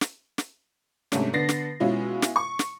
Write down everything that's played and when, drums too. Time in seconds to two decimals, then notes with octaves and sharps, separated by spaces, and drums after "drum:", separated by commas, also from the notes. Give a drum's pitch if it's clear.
0.01 drum: snare
0.38 drum: snare
1.12 G#2 C3 A3 C#4 D4, drum: snare
1.33 D3 B3 D4 A6 A#6 C7
1.49 drum: snare
1.80 B2 G#3 C#4 E4 F4
2.22 drum: snare
2.36 C#6
2.59 drum: snare